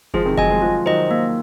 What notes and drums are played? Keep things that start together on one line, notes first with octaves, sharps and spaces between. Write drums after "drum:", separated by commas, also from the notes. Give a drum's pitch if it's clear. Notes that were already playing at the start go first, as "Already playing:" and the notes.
F3 G#3 G#4, drum: kick F#1
C3 D#3
D#3 F#3 D#5 G#5, drum: kick F#1
F3 G#3
F3 G#3 F4
D#3 F#3 C5 D#5
A#3